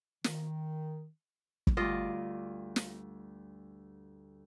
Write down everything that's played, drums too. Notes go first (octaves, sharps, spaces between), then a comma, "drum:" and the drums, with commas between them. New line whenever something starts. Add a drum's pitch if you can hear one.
D#3, drum: snare
drum: kick
D2 G2 F4 D5 D#5
drum: snare